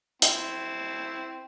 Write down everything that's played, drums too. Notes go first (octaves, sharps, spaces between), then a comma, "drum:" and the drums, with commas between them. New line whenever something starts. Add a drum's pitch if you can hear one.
C4 E4, drum: hi-hat